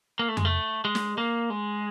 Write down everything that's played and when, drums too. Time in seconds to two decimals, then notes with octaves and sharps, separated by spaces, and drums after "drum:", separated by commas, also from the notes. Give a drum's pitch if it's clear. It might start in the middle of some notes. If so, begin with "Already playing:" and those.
0.19 A#3
0.28 A3
0.37 G#3, drum: tom F2
0.45 A3
0.85 G#3
0.95 drum: snare
1.18 A#3
1.50 G#3